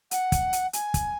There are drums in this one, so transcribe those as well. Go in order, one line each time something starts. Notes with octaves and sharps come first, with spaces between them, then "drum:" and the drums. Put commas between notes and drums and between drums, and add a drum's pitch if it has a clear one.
F#5, drum: hi-hat
drum: kick, hi-hat
drum: hi-hat
G#5, drum: hi-hat
drum: kick, hi-hat